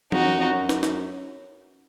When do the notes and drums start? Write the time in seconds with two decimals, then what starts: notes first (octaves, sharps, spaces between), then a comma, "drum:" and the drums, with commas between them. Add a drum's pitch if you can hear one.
0.12 F2 D#4 F#4, drum: tom
0.25 F#2
0.38 F2
0.52 F#2
0.69 drum: snare
0.83 drum: snare